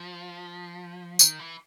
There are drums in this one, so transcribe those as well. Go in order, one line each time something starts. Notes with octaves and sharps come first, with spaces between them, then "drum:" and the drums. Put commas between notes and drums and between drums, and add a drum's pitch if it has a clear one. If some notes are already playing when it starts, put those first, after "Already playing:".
Already playing: F3
D#3, drum: tambourine
E3